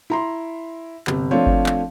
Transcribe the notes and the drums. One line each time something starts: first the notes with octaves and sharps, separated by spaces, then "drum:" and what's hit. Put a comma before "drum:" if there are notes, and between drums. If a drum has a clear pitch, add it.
E4 A#5 C6
G1 C3, drum: clap
F3 A3 C4 D4 F4 C#5
drum: kick G1
drum: clap